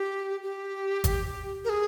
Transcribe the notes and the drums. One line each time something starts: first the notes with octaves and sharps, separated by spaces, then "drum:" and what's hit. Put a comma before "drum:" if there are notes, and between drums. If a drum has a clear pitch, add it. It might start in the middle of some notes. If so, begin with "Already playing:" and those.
Already playing: G4
G4
drum: kick, hi-hat
A#4
G#4